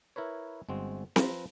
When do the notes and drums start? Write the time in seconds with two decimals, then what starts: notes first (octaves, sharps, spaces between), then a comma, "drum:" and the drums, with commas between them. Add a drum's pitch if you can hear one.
0.16 E4 A#4 B4 C#5
0.69 G1 G#3 C4 F#4
1.16 F3 C4 F4 B4 C5 A#5, drum: snare C4